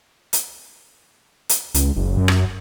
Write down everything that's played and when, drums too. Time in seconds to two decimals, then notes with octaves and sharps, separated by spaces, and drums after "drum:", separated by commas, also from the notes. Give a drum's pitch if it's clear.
0.33 drum: hi-hat
1.49 drum: hi-hat
1.74 C#2, drum: hi-hat
1.96 F#1
2.17 F#2
2.28 drum: rim click